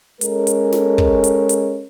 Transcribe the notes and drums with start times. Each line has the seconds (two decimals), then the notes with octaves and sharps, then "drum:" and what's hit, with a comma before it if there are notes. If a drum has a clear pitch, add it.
0.21 G#3 C#4 A4 A#4, drum: hi-hat
0.47 drum: hi-hat
0.72 drum: snare
0.98 drum: kick
1.24 drum: hi-hat
1.49 drum: hi-hat